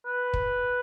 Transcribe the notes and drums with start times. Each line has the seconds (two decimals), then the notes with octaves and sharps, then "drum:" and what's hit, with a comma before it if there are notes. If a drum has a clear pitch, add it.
0.05 B4
0.34 drum: kick